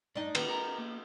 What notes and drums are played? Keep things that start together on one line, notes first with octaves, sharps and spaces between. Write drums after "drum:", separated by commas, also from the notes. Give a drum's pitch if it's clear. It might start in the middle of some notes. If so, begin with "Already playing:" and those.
G2 D4 D#4 D#5
D#3 A#3 B3 B4, drum: cymbal
G4 A#4 A#5
A#3